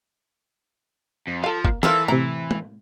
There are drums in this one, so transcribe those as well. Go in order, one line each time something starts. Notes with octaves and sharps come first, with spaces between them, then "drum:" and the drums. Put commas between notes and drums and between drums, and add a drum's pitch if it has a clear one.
F2
F3 A4 F5
A#3, drum: kick
E3 A4 A#4 C5 E5 F5, drum: snare
A2 C3 C4 E4 A#5
drum: tom